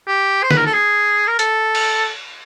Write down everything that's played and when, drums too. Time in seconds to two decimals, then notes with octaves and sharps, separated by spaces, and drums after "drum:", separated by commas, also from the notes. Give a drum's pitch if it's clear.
0.07 G4
0.43 C5
0.51 B4, drum: snare
0.57 A#4
0.66 A4
0.74 G#4
1.27 A#4
1.39 A4, drum: hi-hat
1.75 drum: cymbal